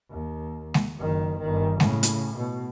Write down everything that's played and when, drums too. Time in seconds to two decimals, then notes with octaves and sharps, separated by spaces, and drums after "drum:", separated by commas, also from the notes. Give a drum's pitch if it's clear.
0.10 D#2
0.74 drum: snare G#3
0.98 F#1 D#3
1.39 G1 D#3
1.80 A2 C#3, drum: snare G#3
2.03 drum: hi-hat
2.37 B2